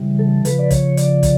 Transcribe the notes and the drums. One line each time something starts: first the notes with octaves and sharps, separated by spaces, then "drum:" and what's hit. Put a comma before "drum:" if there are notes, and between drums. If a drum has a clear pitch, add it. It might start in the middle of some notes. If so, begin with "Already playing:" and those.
Already playing: C#3 E3 G3
A4
C#3 F3 B4, drum: hi-hat
D5
C#5, drum: kick, hi-hat
D5, drum: hi-hat
drum: kick, hi-hat